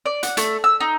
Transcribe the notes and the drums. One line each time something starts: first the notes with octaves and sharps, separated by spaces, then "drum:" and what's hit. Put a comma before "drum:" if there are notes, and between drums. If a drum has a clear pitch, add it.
D5
F#5, drum: hi-hat
A3, drum: hi-hat
E6
D#4